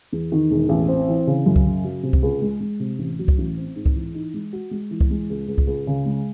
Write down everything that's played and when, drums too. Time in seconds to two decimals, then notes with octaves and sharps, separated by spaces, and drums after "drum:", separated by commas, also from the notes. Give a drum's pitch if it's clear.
0.12 E2
0.32 D#3
0.51 E1
0.69 A1
0.88 C4
1.08 E3
1.27 C#3
1.46 F#2
1.56 drum: kick C2
1.65 C#3
1.84 F#3
2.03 C3
2.13 drum: kick C2
2.22 C#2
2.42 G#3
2.61 G#3
2.80 C3
2.99 A1
3.19 F#3
3.28 drum: kick C2
3.38 A1
3.57 C4
3.76 G#2
3.86 drum: kick C2
3.95 E3
4.15 D#4
4.34 G#3
4.53 F#4
4.71 G#3
4.91 E3
5.01 drum: kick C2
5.10 G#3
5.30 C#2
5.48 C#2
5.58 drum: kick C2
5.67 C#2
5.87 C#3
6.06 G#3